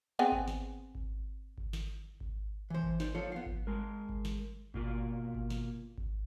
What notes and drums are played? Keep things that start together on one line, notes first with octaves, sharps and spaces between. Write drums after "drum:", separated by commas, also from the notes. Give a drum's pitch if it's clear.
B3 C4 G#4
drum: kick G#1
drum: snare
drum: kick G#1
drum: kick G#1
drum: snare
drum: kick G#1
E3 C5
drum: kick G#1
D#4 C5 D5, drum: snare
F3 F4 A4 C5 C#5
B3 F5
drum: kick G#1
G#3 A#4
drum: kick G#1
drum: snare
B2 A#3 F4, drum: kick G#1
drum: kick G#1
drum: snare
drum: kick G#1